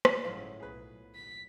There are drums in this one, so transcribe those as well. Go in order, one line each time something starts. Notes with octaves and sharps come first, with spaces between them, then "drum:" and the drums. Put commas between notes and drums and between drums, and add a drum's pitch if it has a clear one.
drum: rim click
G1 A2 F3 F#3 G#3 C#4 F5
B1 G#4 B4
D#2 B6